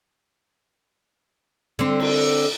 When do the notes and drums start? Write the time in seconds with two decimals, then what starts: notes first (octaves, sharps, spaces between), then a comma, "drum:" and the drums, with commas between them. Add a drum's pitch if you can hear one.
1.79 D3 C4
2.00 drum: cymbal